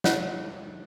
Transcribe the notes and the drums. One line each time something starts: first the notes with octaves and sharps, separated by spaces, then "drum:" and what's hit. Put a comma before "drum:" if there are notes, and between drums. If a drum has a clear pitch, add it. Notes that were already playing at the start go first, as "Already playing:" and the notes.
E4 F4 C5 C#5 D#5 F#5, drum: snare